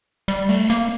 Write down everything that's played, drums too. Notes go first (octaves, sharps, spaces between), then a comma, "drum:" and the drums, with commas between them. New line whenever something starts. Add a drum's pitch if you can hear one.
G3, drum: hi-hat
A3, drum: open hi-hat
A#3, drum: hi-hat